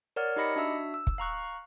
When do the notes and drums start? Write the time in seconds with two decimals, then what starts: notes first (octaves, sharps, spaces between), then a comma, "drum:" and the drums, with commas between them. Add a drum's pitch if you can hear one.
0.16 A#4 C#5 D5 F#5 F6
0.36 D#4 G4 D#5 B5 A#6 C#7
0.56 D4 F#4 E5 E6
0.94 E6
1.07 drum: kick
1.18 F5 A#5 C#6 F#6